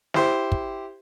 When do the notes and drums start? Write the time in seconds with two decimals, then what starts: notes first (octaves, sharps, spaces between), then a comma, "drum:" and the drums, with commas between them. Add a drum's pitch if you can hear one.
0.14 E4 G4 C5, drum: snare
0.52 drum: kick